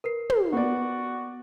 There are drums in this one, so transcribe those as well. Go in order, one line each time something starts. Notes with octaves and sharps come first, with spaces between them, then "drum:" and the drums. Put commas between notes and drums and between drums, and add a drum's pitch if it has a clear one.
A#4 B4 C7
drum: tom
B3 F#4 D5